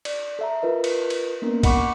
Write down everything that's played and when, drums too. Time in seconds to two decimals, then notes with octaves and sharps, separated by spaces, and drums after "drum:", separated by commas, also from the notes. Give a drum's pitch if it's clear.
0.05 D5, drum: cymbal
0.39 A4 E5 A#5
0.62 F4 A#4 B4 D#5
0.84 drum: cymbal
1.10 drum: cymbal
1.42 A#3 B3 C#4 D4 A#4
1.63 D#5 F#5 B5 C#6 D6 C#7, drum: kick A1, cymbal